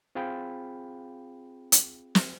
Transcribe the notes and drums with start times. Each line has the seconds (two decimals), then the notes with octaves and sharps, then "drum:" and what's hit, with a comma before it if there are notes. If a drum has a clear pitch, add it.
0.15 C4 F4 G#4 F5 G5 B5
1.72 drum: hi-hat
2.15 drum: snare